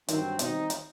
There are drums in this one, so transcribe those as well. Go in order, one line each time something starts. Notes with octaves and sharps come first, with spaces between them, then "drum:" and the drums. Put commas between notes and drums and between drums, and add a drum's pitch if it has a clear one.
G2 D#3 F#3 C4, drum: hi-hat
B2 D#3 G3 C4 D#4, drum: hi-hat
drum: hi-hat